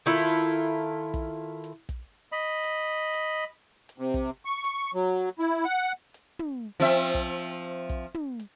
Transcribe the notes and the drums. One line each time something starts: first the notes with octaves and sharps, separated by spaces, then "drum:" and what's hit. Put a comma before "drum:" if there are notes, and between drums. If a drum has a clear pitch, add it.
D#3 E4 F4 A4
drum: kick, hi-hat
drum: hi-hat
drum: kick, hi-hat
D#5 B5
drum: hi-hat
drum: hi-hat
drum: hi-hat
C3
drum: kick, hi-hat
C#6
drum: hi-hat
F#3
E4
F#5, drum: hi-hat
drum: hi-hat
drum: tom
F3 C4 E5
drum: hi-hat
drum: kick, hi-hat
drum: hi-hat
drum: hi-hat
drum: kick, hi-hat
drum: tom
drum: hi-hat